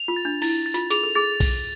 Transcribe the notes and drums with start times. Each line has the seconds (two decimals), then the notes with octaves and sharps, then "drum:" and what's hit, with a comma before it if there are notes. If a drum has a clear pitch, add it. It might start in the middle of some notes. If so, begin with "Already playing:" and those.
Already playing: F7
0.08 F4
0.16 A6
0.25 D4
0.42 E4 A6, drum: open hi-hat
0.66 A6
0.74 F4, drum: hi-hat
0.90 G#4 F7, drum: hi-hat
1.03 A4
1.15 G#4 A6
1.40 drum: kick B1, open hi-hat